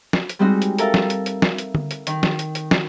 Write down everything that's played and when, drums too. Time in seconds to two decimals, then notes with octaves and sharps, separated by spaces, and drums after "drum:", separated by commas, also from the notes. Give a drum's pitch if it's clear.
0.13 drum: snare
0.29 drum: hi-hat
0.39 G3 G#3 C4 D#4 F#4
0.62 drum: hi-hat
0.79 A4 A#4 E5 F5, drum: hi-hat
0.94 drum: snare
1.10 drum: hi-hat
1.26 drum: hi-hat
1.42 drum: snare
1.58 drum: hi-hat
1.75 drum: tom D3
1.91 drum: hi-hat
2.07 D#3, drum: hi-hat
2.23 drum: snare
2.39 drum: hi-hat
2.55 drum: hi-hat
2.71 drum: snare